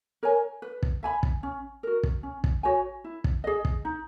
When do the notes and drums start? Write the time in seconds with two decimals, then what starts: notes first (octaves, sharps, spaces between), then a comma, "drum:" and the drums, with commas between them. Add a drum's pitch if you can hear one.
0.23 A#4 C#5 G#5
0.62 B4
0.83 drum: kick
1.03 E5 G#5 B5
1.23 drum: kick
1.43 C#4
1.83 F#4 A#4
2.03 drum: kick
2.23 C#4
2.44 drum: kick
2.63 F#4 C#5 G#5
3.04 E4
3.24 drum: kick
3.44 G#4 D#5
3.65 drum: kick
3.85 D#4